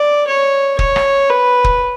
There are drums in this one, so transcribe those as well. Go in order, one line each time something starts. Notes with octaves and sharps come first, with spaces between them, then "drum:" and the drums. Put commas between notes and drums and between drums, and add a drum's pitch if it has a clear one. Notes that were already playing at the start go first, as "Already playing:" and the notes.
Already playing: D5
C#5
C#5, drum: kick
drum: rim click
B4
drum: kick